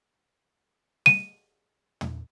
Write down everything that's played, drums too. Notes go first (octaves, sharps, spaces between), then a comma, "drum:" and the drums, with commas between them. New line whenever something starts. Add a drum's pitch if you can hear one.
D#7, drum: snare G3
drum: tom